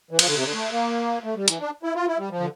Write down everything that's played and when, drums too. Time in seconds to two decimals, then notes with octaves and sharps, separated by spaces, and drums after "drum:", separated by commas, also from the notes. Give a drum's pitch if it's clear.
0.11 E3
0.19 F3, drum: cymbal
0.27 D3
0.36 C3
0.44 D3
0.53 A3
0.71 A#3
1.24 A3
1.36 G3
1.48 E3, drum: hi-hat
1.60 D4
1.83 E4
1.95 F4
2.07 E4
2.18 G3
2.30 F3
2.40 D3